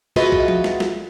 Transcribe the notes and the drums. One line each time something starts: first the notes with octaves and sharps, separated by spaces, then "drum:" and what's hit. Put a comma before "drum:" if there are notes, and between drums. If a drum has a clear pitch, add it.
F4 F#4 G#4 B4 D#5 E5, drum: snare
drum: kick
drum: tom F3
drum: snare
drum: snare